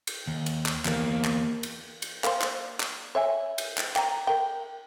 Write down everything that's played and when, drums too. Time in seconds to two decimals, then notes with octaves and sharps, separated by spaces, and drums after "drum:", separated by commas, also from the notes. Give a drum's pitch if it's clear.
0.07 drum: cymbal
0.27 D#2
0.46 drum: cymbal
0.66 drum: clap
0.85 E2 A#3, drum: clap
1.24 drum: clap
1.63 drum: cymbal
2.02 drum: cymbal
2.24 A#3 C5, drum: clap
2.41 drum: clap
2.80 drum: clap
3.15 C#5 E5 G#5
3.58 drum: cymbal
3.78 drum: clap
3.96 G5 A#5, drum: clap
4.27 A#4 G5